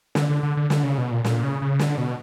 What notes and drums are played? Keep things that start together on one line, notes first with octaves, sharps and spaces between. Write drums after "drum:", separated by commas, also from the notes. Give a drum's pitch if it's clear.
D3, drum: snare
D3
D3
D3
D3, drum: snare
C#3
B2
A#2
A#2, drum: snare
C#3
C#3
D3, drum: snare
B2